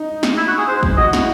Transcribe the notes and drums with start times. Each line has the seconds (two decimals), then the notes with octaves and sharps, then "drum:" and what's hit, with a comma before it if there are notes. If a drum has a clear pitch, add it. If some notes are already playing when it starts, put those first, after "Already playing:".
Already playing: D#4
0.23 drum: snare
0.37 E4
0.48 F#4
0.58 G#4
0.68 C5
0.83 drum: kick
0.97 F#4 D#5
1.13 E4, drum: snare